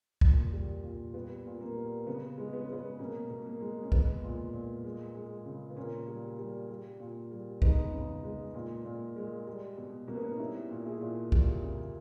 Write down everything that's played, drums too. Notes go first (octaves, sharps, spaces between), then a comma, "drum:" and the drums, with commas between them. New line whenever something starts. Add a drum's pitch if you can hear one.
A#2, drum: kick
G3
A#2
G3 B3
A#2
A#3
G3
C#3 B3
G#3
B3
C#4
G#3 B3
B2 A#3 C#4
B2
A#3
G#3
C#4
G#3 B3, drum: kick
A#2
A#2
G#3
G#3
C#3
B3
A#2 A#3 C#4
G3
G3
G3
A#2
G3
G#3 B3 D#4, drum: kick
C#3
G#3
A#2
A#2
G#3
G3
B2
B2 A#3
B3
C#4
D#4
G3 C#4 E4
A#2
E4 G#4
A#2
G3, drum: kick
C#3